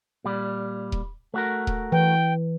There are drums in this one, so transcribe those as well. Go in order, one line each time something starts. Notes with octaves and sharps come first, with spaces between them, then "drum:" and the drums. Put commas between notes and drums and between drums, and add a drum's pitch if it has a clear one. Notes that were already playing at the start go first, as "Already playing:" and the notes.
A#2 G3
drum: kick D#1
A3 F#4 A#4
drum: kick D#1
E3 G5